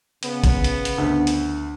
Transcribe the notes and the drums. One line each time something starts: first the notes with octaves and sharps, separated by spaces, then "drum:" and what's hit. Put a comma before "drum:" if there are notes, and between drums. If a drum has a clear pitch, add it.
C#3 B3, drum: hi-hat
drum: kick, hi-hat
drum: hi-hat
drum: hi-hat
D2
drum: hi-hat